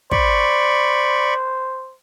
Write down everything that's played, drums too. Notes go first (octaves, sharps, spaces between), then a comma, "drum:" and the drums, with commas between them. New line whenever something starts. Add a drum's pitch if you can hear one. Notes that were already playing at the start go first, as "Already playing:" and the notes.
C5 D5 B5 C#6, drum: kick